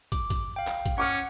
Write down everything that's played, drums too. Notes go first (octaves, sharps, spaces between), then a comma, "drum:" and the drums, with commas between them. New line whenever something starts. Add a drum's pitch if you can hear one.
D6, drum: kick, hi-hat
drum: kick, hi-hat
F5 G5
drum: clap
drum: kick, hi-hat
C#4 F#5 C#6 D6 F6